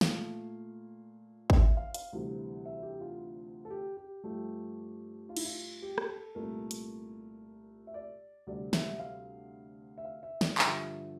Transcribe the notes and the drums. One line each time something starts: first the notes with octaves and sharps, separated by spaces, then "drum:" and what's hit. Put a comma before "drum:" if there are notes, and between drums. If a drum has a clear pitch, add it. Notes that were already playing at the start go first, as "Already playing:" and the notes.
A#2 A3 F5, drum: snare
D5, drum: kick
E5
F5
F5, drum: hi-hat
D2 C3 E3 G3
E5
G4
F4
A4
G4
G4
G2 F3 A3 G4
F4
E4, drum: cymbal
F4
G4
drum: rim click
A4
C2 A#2 A3 A#4
drum: hi-hat
E5
D5
D2 C3 G3 D5
E5, drum: snare
F5
E5
F5
E5
D5, drum: snare
G2 D3 F3 E5, drum: clap